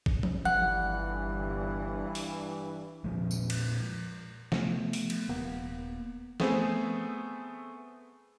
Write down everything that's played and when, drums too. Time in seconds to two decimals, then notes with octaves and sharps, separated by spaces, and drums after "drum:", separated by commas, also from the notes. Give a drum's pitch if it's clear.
0.06 drum: kick A1
0.23 drum: tom F3
0.45 G1 G2 E3 F#5 F#6
2.15 drum: open hi-hat
3.04 A#2 F3 G#3
3.31 drum: tambourine
3.50 drum: cymbal
4.52 C3 F3 A3 B3, drum: snare
4.93 drum: open hi-hat
5.10 drum: cymbal
5.29 D#1 A#3 B3
6.40 A3 B3 C4 G#4, drum: snare